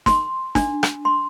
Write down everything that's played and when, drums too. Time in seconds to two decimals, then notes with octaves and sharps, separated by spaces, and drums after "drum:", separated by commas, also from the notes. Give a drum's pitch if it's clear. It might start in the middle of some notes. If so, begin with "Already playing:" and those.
0.06 C6, drum: snare
0.55 D4, drum: snare
0.83 drum: rim click
1.05 C6